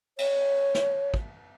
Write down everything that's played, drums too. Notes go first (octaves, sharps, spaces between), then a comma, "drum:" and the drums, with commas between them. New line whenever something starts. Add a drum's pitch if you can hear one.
C#5, drum: cymbal
drum: snare
drum: kick